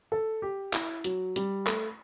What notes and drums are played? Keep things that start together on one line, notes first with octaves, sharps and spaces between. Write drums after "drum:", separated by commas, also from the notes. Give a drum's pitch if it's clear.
A4
G4
E4, drum: clap
F#3, drum: hi-hat
G3, drum: hi-hat
A3, drum: clap